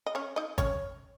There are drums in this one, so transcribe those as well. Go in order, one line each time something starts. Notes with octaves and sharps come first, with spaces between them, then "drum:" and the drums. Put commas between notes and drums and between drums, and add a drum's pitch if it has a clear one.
D#5
C#4 C#5
D#4 D#5
C#4 C#5, drum: kick G#1, hi-hat